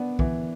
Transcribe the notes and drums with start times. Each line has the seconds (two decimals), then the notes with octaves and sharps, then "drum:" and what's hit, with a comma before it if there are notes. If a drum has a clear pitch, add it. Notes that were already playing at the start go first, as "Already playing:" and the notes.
Already playing: B3 D4
0.19 E3, drum: kick